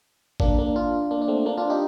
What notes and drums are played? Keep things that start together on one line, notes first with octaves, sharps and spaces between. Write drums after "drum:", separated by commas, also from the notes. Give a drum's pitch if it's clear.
A#3 D4, drum: kick G#1
A#3 D4
D4 F4
A#3 D4
D4
A3 C4
A#3 D4
D4 F4
D#4 G4